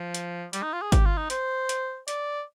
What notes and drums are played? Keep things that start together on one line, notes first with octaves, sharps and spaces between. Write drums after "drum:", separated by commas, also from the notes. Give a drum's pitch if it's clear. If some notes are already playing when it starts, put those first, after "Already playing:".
Already playing: F3
drum: hi-hat
G3, drum: hi-hat
D#4
F4
G#4
G4, drum: kick, hi-hat
F4
D#4
C5, drum: hi-hat
drum: hi-hat
D5, drum: hi-hat